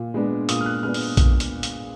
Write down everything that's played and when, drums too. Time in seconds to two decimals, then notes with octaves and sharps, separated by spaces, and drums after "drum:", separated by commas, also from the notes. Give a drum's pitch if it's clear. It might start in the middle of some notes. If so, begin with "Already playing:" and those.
Already playing: A#2
0.14 G#3 B3 D4
0.49 A#2 D#6, drum: hi-hat
0.61 F6
0.66 F#6
0.83 G#3 B3 D4 F6
0.94 drum: open hi-hat
1.17 drum: kick A#1, hi-hat
1.40 drum: hi-hat
1.63 drum: hi-hat